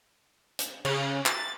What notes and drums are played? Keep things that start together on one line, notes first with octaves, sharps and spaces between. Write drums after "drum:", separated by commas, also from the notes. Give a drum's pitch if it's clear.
drum: hi-hat
C#3, drum: cymbal
A6, drum: clap